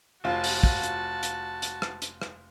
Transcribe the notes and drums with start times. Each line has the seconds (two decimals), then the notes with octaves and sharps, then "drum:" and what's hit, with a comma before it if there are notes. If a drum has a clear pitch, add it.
0.24 F1 F4 F#4 A5
0.44 drum: open hi-hat
0.63 drum: kick
0.83 drum: hi-hat
1.23 drum: hi-hat
1.62 drum: hi-hat
1.82 drum: rim click
2.02 drum: hi-hat
2.22 drum: rim click